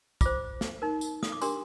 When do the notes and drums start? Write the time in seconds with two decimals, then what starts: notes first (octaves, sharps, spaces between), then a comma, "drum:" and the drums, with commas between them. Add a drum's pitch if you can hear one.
0.21 F4 C5 D6, drum: kick, tambourine
0.61 drum: snare
0.82 D#4 A#4
1.01 drum: tambourine
1.23 D#6, drum: snare
1.32 D6
1.41 D4 G4 A#4 C6, drum: tambourine